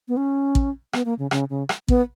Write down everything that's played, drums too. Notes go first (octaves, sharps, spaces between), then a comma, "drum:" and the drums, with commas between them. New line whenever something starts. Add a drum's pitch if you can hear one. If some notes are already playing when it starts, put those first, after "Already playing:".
B3
C#4
drum: kick
B3, drum: rim click
A#3
C#3
C#3, drum: rim click
C#3
drum: rim click
B3, drum: kick